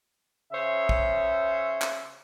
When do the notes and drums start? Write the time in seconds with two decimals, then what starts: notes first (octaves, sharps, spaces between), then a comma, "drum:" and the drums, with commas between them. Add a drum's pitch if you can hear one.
0.52 C#3 C5 C#5 E5
0.89 drum: kick A1
1.82 drum: clap